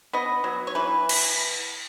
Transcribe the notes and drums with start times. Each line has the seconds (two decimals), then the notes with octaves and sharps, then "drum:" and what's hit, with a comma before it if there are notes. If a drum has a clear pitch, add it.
0.13 B3 D#5
0.44 F#3
0.67 C#5
0.75 E3 B4
1.09 drum: cymbal